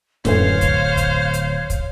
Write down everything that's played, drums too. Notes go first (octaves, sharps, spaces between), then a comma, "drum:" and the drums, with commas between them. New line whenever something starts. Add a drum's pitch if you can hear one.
D1 F#2 D3 E3 C5 C#5 F5, drum: snare
drum: kick, hi-hat
drum: kick, hi-hat
drum: hi-hat
drum: kick, hi-hat